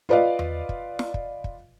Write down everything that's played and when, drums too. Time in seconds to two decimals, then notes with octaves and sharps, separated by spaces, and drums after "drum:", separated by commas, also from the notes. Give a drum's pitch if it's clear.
0.09 F4 B4 D5 D#5 F5
0.39 drum: tom E2
0.69 drum: kick
0.99 drum: snare
1.14 drum: kick
1.44 drum: kick